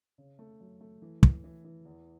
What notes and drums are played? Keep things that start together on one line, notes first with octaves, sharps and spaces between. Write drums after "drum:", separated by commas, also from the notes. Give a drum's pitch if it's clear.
C#3
A3
F#2
A3
E3
E3, drum: kick
E3
E3
E2